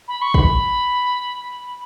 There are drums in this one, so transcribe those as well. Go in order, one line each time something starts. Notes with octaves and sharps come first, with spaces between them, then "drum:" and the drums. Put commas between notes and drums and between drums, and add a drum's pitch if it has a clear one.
B5
C#6
B5, drum: kick